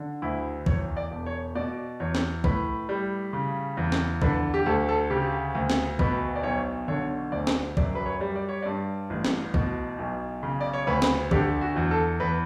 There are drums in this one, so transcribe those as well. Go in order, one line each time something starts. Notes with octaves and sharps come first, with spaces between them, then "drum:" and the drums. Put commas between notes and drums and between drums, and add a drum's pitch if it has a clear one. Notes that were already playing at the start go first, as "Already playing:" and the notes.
Already playing: D3
D2 E4
E2 C#5, drum: kick
D5
E1
C#5
B2 D5
E2 C#5
drum: snare
A2 B4, drum: kick
G3
C#3
E2
drum: snare
D3 B4, drum: kick
G4
D2 A4
A4
C#3 G4
D2
drum: snare
B2 B4, drum: kick
D5
B1 C#5
D3 C#5
D2 D5
drum: snare
F#2 D5, drum: kick
B4
C#5
G3
D5
C#5
G2 D5
A1
drum: snare
B2, drum: kick
B1
C#3
D5
C#5
D2 B4
drum: snare
D3 G4, drum: kick
F#4
E2
A4
E2 B4